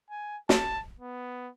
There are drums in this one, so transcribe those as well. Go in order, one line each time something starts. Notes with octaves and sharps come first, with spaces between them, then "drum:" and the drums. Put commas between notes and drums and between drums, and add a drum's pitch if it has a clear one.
G#5
A5, drum: snare
B3